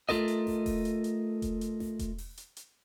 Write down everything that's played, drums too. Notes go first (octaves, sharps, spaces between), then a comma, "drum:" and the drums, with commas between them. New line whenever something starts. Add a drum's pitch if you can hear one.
A3 F4 A4 A#4 D#5, drum: snare A1
drum: hi-hat
drum: snare A1
drum: kick E1, open hi-hat
drum: hi-hat
drum: hi-hat
drum: kick E1, hi-hat
drum: hi-hat
drum: snare A1
drum: kick E1, hi-hat
drum: open hi-hat
drum: hi-hat
drum: hi-hat